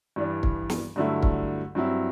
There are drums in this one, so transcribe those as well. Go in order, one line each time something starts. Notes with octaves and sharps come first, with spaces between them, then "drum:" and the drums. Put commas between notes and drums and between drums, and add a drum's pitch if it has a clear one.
G2 E3 G3 D4
drum: kick
drum: snare
G2 D3 F#3 A3 E4
drum: kick
G2 F#3 C4 E4